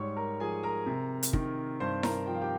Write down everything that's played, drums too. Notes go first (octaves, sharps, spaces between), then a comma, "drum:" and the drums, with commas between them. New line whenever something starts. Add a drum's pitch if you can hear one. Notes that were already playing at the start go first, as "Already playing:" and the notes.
Already playing: G#2 G3 C#5 C#6
A#4 A#5
F3 G#4 G#5
A#4 A#5
C3
drum: hi-hat
D#3, drum: kick
G2 C5 C6
A#4 A#5, drum: snare E4
F3 G5
F5
G4 G5